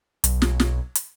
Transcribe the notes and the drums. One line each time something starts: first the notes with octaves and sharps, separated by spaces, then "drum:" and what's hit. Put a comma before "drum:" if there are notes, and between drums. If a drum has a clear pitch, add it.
B1, drum: hi-hat
drum: snare
drum: snare
drum: hi-hat